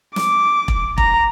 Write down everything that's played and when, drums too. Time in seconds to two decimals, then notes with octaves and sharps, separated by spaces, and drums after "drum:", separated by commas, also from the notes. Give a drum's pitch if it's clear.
0.16 D6, drum: snare
0.68 drum: kick E1
0.98 A#5, drum: kick E1